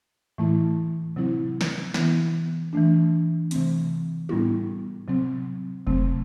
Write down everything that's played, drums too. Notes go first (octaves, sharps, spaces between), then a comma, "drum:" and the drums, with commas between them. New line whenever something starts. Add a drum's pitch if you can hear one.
A2 E3 A3 E4
C3 F#3 C4 E4
drum: snare
E3 B3 E4, drum: snare
E3 A3 D4
C3 E3 A3 C4, drum: hi-hat
A2 G3 B3 E4, drum: tom
C3 F#3 C4
C3 F#3 A3 C4, drum: kick F1